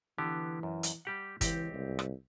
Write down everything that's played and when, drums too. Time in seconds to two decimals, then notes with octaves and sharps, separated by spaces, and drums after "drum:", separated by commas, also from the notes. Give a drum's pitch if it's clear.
0.18 D3 E3 B3 G4
0.63 F#2
0.83 drum: hi-hat
1.05 G3 G4 F#5
1.41 C#2 E3 C4 G4, drum: kick G1, hi-hat
1.74 C2
1.99 drum: rim click